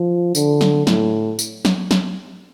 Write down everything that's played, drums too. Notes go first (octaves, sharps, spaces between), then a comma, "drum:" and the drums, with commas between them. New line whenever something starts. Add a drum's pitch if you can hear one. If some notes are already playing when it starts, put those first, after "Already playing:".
Already playing: F3
D3, drum: tambourine
drum: snare
A2, drum: snare
drum: tambourine
drum: snare
drum: snare